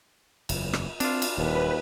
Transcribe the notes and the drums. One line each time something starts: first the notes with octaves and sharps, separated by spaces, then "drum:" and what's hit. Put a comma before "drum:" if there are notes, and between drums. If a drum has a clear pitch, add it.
F#1 E2, drum: cymbal
drum: rim click
C4 D4 F4, drum: cymbal
drum: cymbal
D#1 D#2 B4